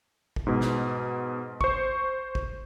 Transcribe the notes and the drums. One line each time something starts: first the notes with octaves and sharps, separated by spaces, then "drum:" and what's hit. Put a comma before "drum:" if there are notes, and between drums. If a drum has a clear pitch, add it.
drum: kick
G#2 B2
drum: snare
C5 C#6, drum: kick
drum: kick